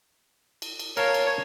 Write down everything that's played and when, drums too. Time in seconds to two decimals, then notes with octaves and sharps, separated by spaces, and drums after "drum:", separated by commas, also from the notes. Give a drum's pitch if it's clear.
0.62 drum: cymbal
0.79 drum: cymbal
0.97 A#4 C#5 F5 A5, drum: cymbal
1.14 drum: cymbal